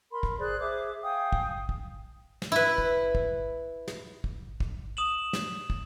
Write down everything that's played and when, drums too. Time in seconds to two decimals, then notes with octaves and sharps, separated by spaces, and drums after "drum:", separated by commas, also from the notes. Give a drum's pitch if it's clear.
0.11 A#4 B5 C6
0.23 drum: kick
0.38 G#4 C5 D5 F#6
0.59 G#4 C5 E5 D6
1.02 F5 G5 G#5 D#6
1.33 drum: kick
1.69 drum: kick
2.42 drum: snare
2.52 E4 B4
2.78 drum: kick
3.15 drum: kick
3.88 drum: snare
4.24 drum: kick
4.60 drum: kick
4.97 D#6 E7 F#7
5.33 drum: snare
5.70 drum: kick